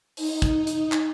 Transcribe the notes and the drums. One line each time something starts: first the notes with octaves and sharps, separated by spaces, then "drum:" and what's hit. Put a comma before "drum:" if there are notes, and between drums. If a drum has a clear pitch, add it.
D#4, drum: open hi-hat
drum: kick, hi-hat
drum: hi-hat
drum: clap